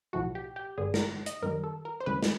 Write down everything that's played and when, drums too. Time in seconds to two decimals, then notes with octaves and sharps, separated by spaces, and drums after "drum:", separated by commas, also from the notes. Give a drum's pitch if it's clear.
0.13 B1 A2 F3 A3 F#4
0.35 G4
0.56 G4
0.78 G#1 G2 D3 G#4
0.94 A#4, drum: snare
1.26 D#5, drum: hi-hat
1.42 F#2 D#3 G3 A#4
1.64 A4
1.85 A#4
2.00 C5
2.06 D2 C#3 E3 G3 B4
2.23 drum: snare